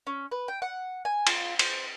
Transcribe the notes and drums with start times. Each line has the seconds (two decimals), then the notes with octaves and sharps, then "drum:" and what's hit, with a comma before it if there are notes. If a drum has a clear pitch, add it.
0.07 C#4
0.31 B4
0.48 G5
0.62 F#5
1.05 G#5
1.27 F4, drum: cymbal
1.59 C5, drum: cymbal